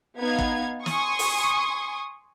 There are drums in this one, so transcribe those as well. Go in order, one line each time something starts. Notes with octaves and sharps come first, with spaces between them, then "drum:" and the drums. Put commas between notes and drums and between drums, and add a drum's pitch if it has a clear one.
B3 D#4 F5 G#6
drum: kick
G#5 C6 C#6 D#6, drum: snare
drum: open hi-hat